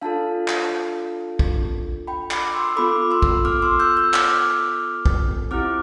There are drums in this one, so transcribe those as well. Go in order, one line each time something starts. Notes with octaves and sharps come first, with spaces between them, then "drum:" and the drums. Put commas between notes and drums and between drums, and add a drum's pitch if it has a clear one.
D4 F4 A4 F5 A5
drum: clap
drum: kick
G5 B5
B5 D6, drum: clap
C6 E6
E6
B3 F4 A4 B5 D6
C6 E6
drum: kick
D6 F6
C6 E6
E6 G6
E6 G6
D6 F6, drum: clap
drum: kick
C4 E4 G4 D6 F6